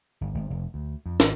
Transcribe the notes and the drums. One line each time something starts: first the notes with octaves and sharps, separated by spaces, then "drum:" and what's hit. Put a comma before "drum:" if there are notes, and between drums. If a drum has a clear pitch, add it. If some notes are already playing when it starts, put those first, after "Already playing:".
G1
G#1
F1
D2
F2
G#1, drum: snare